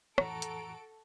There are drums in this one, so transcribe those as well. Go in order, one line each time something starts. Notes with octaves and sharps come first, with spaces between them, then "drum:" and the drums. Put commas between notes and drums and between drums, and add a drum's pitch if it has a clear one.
F2 A2 E3 F#4 A4 A#5 D7, drum: rim click
drum: hi-hat